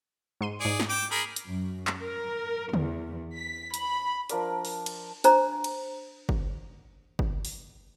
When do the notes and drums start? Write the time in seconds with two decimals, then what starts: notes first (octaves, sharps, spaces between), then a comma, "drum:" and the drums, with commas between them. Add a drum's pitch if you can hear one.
0.41 G#2 C6 D#7
0.61 G#2 G#4 D5 C#7
0.80 drum: snare
0.89 G5 D6 D7 E7
1.11 G#4 A#4 B5
1.36 drum: hi-hat
1.46 F#2
1.87 drum: clap
2.02 A#4
2.74 E2, drum: tom
3.35 B6
3.74 B5, drum: hi-hat
4.29 F3 D4 A#4 D5, drum: hi-hat
4.65 drum: open hi-hat
4.86 drum: cymbal
5.24 D4 C5 A#5, drum: hi-hat
5.64 drum: cymbal
6.29 drum: kick G1
7.19 drum: kick G1
7.45 drum: open hi-hat